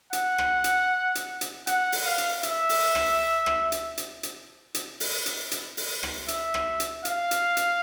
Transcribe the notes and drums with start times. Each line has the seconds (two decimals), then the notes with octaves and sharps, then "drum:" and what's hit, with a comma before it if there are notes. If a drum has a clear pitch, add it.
0.13 F#5, drum: hi-hat
0.38 drum: rim click
0.64 drum: hi-hat
1.15 drum: hi-hat
1.41 drum: hi-hat
1.67 F#5, drum: hi-hat
1.92 drum: open hi-hat
2.05 F5
2.18 drum: hi-hat
2.43 E5, drum: hi-hat
2.69 drum: open hi-hat
2.95 drum: rim click
3.46 drum: rim click
3.72 drum: hi-hat
3.98 drum: hi-hat
4.23 drum: hi-hat
4.74 drum: hi-hat
5.00 drum: open hi-hat
5.26 drum: hi-hat
5.51 drum: hi-hat
5.77 drum: open hi-hat
6.03 drum: rim click
6.28 E5, drum: hi-hat
6.54 drum: rim click
6.80 drum: hi-hat
7.05 F5, drum: hi-hat
7.31 drum: hi-hat
7.57 drum: hi-hat